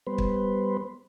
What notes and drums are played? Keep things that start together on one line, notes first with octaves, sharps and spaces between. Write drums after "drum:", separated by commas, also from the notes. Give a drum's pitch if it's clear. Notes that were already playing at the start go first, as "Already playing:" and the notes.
G3 B3 B4 C5
drum: kick